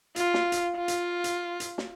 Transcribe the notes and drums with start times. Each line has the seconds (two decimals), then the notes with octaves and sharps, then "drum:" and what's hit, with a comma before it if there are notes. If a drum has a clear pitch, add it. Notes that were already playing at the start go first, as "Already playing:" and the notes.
0.16 F4, drum: hi-hat
0.34 drum: snare
0.52 drum: hi-hat
0.76 F4
0.88 drum: hi-hat
1.24 drum: hi-hat
1.60 drum: hi-hat
1.78 drum: snare